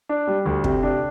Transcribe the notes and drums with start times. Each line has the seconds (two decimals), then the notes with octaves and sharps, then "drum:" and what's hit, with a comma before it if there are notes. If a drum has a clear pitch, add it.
0.09 D4
0.27 G3
0.46 D2
0.64 C3, drum: kick
0.83 D4